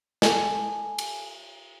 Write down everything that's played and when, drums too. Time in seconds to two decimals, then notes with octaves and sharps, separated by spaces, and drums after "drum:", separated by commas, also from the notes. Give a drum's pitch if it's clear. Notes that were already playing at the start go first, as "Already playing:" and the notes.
0.22 A4 G#5, drum: snare
0.98 drum: cymbal